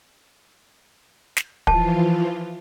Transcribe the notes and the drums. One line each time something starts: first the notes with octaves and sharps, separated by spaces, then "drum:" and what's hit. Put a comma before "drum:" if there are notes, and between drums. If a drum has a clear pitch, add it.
drum: snare
E3 F3 F4 A5, drum: kick